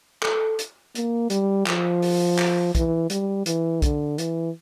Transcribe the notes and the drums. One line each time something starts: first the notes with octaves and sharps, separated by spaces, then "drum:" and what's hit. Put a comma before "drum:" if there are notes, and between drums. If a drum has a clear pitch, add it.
A4, drum: clap
drum: hi-hat
A#3, drum: hi-hat
G3, drum: hi-hat
F3, drum: clap
drum: open hi-hat
drum: clap
E3, drum: kick, hi-hat
G3, drum: hi-hat
E3, drum: hi-hat
D3, drum: kick, hi-hat
E3, drum: hi-hat